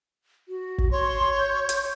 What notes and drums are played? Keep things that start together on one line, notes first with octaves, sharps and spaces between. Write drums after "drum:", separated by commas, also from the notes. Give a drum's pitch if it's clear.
F#4
drum: kick
C#5 C6
G6
drum: hi-hat